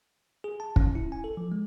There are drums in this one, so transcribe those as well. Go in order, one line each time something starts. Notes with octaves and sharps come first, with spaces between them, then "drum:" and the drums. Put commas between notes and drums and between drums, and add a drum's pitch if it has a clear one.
G#4
A5
C#4, drum: kick
E4
G#5
A4
F3
G#3